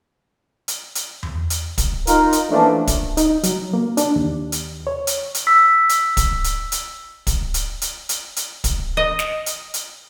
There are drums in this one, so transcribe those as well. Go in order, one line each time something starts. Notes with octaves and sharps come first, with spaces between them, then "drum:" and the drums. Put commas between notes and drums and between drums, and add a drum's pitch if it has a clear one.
drum: hi-hat
drum: hi-hat
drum: tom E2
drum: hi-hat
drum: kick, hi-hat
D#4 F4 A#4, drum: hi-hat
drum: hi-hat
E3 F3 A3 A#3 C#4 D4
drum: kick, hi-hat
D#4, drum: hi-hat
F#3, drum: hi-hat
A#3
D4, drum: hi-hat
D#2
drum: hi-hat
C#5
drum: hi-hat
drum: hi-hat
E6 B6
drum: hi-hat
drum: kick, hi-hat
drum: hi-hat
drum: hi-hat
drum: kick, hi-hat
drum: hi-hat
drum: hi-hat
drum: hi-hat
drum: hi-hat
drum: kick, hi-hat
D#5
drum: snare
drum: hi-hat
drum: hi-hat